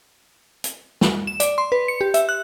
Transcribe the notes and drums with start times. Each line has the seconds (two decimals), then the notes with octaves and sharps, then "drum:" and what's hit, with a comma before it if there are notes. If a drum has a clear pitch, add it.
0.64 drum: hi-hat
1.01 drum: snare
1.27 E7
1.40 D5, drum: hi-hat
1.58 C6
1.72 B4
1.88 C#7
2.01 G4
2.14 E5, drum: hi-hat
2.29 F#6